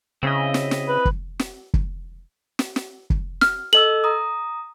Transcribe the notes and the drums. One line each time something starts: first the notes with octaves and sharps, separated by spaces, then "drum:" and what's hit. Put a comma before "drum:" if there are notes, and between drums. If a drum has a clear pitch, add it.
C#3 C4 E4 D#5
drum: snare
drum: snare
B4
drum: kick
drum: snare
drum: kick
drum: snare
drum: snare
drum: kick
F6, drum: snare
A4 D#5 E6 F#7
A#5 D#6